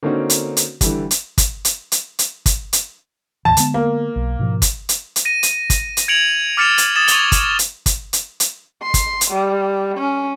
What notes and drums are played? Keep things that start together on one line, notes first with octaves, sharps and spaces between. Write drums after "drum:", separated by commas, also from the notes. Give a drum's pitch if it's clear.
D3 A#3 C4 C#4 D#4 F#4
drum: hi-hat
drum: hi-hat
D3 E3 G3, drum: kick, hi-hat
drum: hi-hat
drum: kick, hi-hat
drum: hi-hat
drum: hi-hat
drum: hi-hat
drum: kick, hi-hat
drum: hi-hat
D#2 A2 E3 A5
D3 G#3 B3, drum: hi-hat
A#3
B1
G#2 B2 F3
drum: kick, hi-hat
drum: hi-hat
drum: hi-hat
A#6 D#7
drum: hi-hat
drum: kick, hi-hat
drum: hi-hat
G#6 C#7 D7 F7 F#7
D6 F6 A6 C#7 E7 F7
drum: hi-hat
D#6 A6 E7
C#6 G#6 F7 G7, drum: hi-hat
drum: kick, hi-hat
drum: hi-hat
drum: kick, hi-hat
drum: hi-hat
drum: hi-hat
C6
drum: kick, hi-hat
drum: hi-hat
G3
C#4